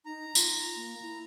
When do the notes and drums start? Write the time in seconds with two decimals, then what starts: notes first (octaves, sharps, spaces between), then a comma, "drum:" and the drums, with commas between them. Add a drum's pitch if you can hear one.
0.06 D#4 A#5
0.35 F4, drum: tambourine
0.76 A#3
1.02 E4